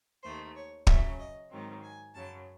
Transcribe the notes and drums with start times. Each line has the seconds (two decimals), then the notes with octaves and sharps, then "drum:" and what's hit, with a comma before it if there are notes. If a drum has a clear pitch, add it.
0.23 D#2 D#3 A3 C5
0.55 C#5
0.87 C#3 F#3 C#4 E5, drum: kick
1.19 D#5
1.51 G#2 D#3 F#3 C4
1.83 G#5
2.14 F#2 C#3 F#3 A5